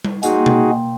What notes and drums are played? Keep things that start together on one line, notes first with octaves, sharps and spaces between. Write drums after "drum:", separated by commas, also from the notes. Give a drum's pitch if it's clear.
drum: tom G3
A#2 D#4 F#4 G#4 G5, drum: hi-hat
drum: tom B2